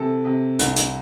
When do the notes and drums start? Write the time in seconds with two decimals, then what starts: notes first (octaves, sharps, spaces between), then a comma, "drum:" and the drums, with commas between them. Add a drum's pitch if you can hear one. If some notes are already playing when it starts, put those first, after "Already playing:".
Already playing: C3 E3 A4
0.25 C3
0.59 C2, drum: hi-hat
0.76 drum: hi-hat